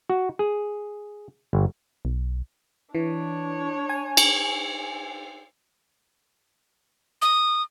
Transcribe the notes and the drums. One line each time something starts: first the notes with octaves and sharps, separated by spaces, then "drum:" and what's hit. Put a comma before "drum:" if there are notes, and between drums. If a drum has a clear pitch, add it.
F#4
G#4
G1
B1
E3 D4 C#5
G#5
drum: cymbal
D#6